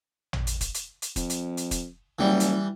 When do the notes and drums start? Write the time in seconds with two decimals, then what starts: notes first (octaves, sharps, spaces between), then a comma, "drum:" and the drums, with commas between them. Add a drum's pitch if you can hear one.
0.33 drum: tom A1
0.47 drum: hi-hat
0.61 drum: kick, hi-hat
0.74 drum: hi-hat
1.02 drum: hi-hat
1.16 F2, drum: kick, hi-hat
1.30 drum: hi-hat
1.57 drum: hi-hat
1.71 drum: kick, hi-hat
2.19 F#1 E3 G3
2.40 drum: hi-hat